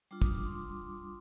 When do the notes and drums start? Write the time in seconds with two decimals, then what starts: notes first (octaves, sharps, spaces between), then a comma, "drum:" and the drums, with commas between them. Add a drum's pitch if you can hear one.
0.11 G3 D4 F4 D6
0.22 D#6, drum: kick
0.33 D6
0.46 C6
0.51 D6